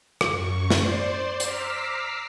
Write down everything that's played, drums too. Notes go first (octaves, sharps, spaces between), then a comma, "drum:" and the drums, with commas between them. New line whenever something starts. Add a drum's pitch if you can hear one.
F#2 C#6, drum: rim click
C5 D5 C6, drum: snare
A#5 D6 E6 F6 B6 C7, drum: hi-hat